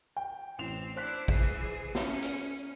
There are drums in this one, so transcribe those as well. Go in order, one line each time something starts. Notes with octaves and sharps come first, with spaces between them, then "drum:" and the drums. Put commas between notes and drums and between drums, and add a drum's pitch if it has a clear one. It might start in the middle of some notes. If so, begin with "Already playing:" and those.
G5
A1 C4 E7 F7
D4 E4 C5 F#6 B6
E3 G#4, drum: kick
C#4, drum: snare
drum: hi-hat